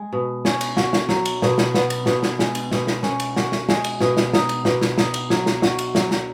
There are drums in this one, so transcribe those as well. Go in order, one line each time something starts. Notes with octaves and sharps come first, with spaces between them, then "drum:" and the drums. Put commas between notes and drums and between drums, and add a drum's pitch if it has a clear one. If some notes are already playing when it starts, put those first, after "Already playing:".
Already playing: G#3
B2
C#4, drum: snare
drum: cymbal
F#4, drum: snare
drum: snare
F#3, drum: snare
drum: cymbal
B2, drum: snare
drum: snare
B3, drum: snare
drum: cymbal
B2, drum: snare
drum: snare
G#3, drum: snare
drum: cymbal
B2, drum: snare
drum: snare
C#4, drum: snare
drum: cymbal
F#4, drum: snare
drum: snare
G#3, drum: snare
drum: cymbal
B2, drum: snare
drum: snare
D#4, drum: snare
drum: cymbal
B2, drum: snare
drum: snare
D#4, drum: snare
drum: cymbal
F#3, drum: snare
drum: snare
F#4, drum: snare
drum: cymbal
F#3, drum: snare
drum: snare